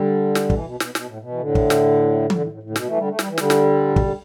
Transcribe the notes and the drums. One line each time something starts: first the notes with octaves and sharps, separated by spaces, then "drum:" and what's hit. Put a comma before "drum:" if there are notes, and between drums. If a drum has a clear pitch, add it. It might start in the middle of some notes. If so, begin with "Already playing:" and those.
Already playing: D3 G3
drum: snare
B2 E3, drum: kick
B2
B2, drum: snare
B2, drum: snare
A2
B2
E3
A2 D3
drum: kick
drum: snare
A2 D3, drum: tom E3
A2
A2
A2
D3
B2, drum: snare
E3 A3
D3 G3
A3
G3, drum: snare
E3
D3 G3, drum: snare
drum: snare
A2
B2, drum: kick
D3